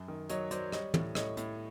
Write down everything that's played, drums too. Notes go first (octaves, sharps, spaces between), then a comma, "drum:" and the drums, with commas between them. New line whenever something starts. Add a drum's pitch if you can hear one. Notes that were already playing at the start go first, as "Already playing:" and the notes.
Already playing: F#2
D#3
F#3 C#5 D#5, drum: hi-hat
F#3 C5 D5, drum: hi-hat
G3 C#5 D#5, drum: rim click
A2, drum: tom
A2 C#5 D#5, drum: rim click
A2, drum: hi-hat